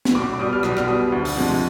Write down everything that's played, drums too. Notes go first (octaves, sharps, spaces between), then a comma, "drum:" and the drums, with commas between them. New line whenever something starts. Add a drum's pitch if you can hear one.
drum: snare
B1 D6
D6
B2 G3 D#6
F6
B1 D#6, drum: rim click
F6, drum: rim click
B2 G3 D#6
D2
drum: open hi-hat
C3 F3 G#3